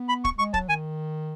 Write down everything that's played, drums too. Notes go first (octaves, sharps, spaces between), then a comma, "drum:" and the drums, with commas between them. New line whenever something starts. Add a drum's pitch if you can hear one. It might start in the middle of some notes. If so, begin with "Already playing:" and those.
Already playing: B3
B5
C#6, drum: kick
G#3 C#6
F#3 A5, drum: kick
D#3 G#5